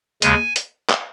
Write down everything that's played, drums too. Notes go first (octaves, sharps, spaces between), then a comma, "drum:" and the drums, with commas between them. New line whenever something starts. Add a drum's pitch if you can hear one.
D#2 C#3 G#3 G#5, drum: hi-hat
drum: hi-hat
drum: clap